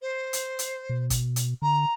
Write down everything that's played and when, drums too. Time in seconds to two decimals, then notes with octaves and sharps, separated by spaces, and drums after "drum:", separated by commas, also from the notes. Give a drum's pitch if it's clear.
0.01 C5
0.33 drum: hi-hat
0.59 drum: hi-hat
0.89 B2
1.10 drum: kick, hi-hat
1.36 drum: hi-hat
1.62 D3 A#5